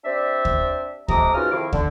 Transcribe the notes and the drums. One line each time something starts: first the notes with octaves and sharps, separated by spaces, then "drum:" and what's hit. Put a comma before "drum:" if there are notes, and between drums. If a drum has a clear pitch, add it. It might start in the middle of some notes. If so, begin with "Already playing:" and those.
C4 D4 G4 D5 E5
drum: kick
F2 C3 G#3 A#5 D6 D#6, drum: kick
G#2 C#3 F4 F#4 B4 F6
F2 C3 D#3 E4 F5 D6
D3, drum: kick